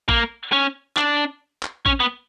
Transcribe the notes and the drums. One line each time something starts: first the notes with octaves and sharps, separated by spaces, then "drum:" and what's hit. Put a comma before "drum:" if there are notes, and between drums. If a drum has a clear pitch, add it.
A#3, drum: kick
C#4
D4, drum: clap
drum: clap
C#4, drum: kick
B3